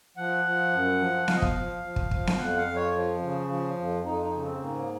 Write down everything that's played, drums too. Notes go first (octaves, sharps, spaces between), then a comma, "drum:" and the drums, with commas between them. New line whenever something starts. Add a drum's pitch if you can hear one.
F3 F#5
F3
F#2
F3
F3 F5, drum: snare B3
D#5
F5, drum: kick
F3
F3
drum: kick
F3, drum: kick
drum: snare B3
F2 F#5
F5
F2
C#5
F3
C#3
F3
F2
F2 D#4
D#4
C#3
C4
G#2 A#3